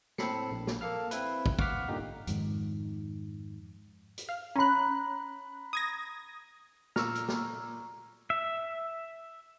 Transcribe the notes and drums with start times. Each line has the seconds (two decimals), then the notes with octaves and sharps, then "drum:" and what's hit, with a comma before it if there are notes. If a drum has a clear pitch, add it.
0.18 A2 C4 A4 B5 C7 C#7, drum: snare
0.51 A#1
0.67 drum: snare
0.81 A#3 A4 F5 F6
1.11 C4 E4 B4, drum: hi-hat
1.46 drum: kick
1.59 F5 F#5 C#6 D6 F6 B6, drum: kick
1.89 G1 A#2 D3 D#4 G4
2.27 F2 G#2 D#3, drum: hi-hat
4.18 drum: hi-hat
4.29 F5
4.56 C#4 A#5 B5 F#6
5.73 D#6 G#6 A#6
6.96 A#2 A#5 C#6 E6 F6, drum: snare
7.15 drum: hi-hat
7.28 drum: snare
8.30 E5